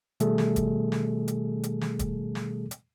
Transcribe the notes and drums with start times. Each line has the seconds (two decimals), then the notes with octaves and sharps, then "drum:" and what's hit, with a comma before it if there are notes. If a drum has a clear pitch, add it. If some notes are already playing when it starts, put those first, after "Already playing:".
0.20 B2 D#3 G3 A3 G#4 A4, drum: hi-hat
0.38 drum: snare
0.56 drum: kick, hi-hat
0.92 drum: snare
1.28 drum: hi-hat
1.63 drum: hi-hat
1.81 drum: snare
1.99 drum: kick, hi-hat
2.35 drum: snare
2.71 drum: hi-hat